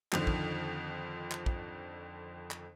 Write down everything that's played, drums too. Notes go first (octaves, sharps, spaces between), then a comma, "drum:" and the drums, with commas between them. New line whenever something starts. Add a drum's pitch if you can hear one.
F2 D3 D#3 F3, drum: clap
drum: kick
drum: clap
drum: kick
drum: clap